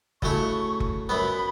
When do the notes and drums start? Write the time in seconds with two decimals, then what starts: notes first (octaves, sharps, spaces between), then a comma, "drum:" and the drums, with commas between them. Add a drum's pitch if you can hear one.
0.22 C#3 F#3 A3 E4 C#6, drum: kick F#1
0.80 drum: kick F#1
1.09 F#2 F#3 B3 B5